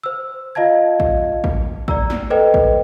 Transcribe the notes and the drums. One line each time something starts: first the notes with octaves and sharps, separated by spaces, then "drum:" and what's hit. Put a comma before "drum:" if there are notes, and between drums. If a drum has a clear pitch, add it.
C5 E6
F4 D#5 F5 A5 G#6
drum: kick
drum: kick
D5 A#5 E6, drum: kick
drum: snare
A4 B4 C5 D#5 G5
drum: kick